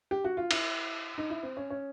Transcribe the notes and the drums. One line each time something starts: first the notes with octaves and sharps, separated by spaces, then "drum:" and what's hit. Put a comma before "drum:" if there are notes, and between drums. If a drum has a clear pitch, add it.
G4
F#4
F4
E4, drum: cymbal
D#4
E4
C4
C#4
C#4